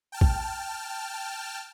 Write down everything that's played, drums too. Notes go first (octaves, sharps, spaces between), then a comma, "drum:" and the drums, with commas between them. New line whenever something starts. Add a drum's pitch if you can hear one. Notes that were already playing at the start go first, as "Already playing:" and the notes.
G5 A5 F6
drum: kick A#1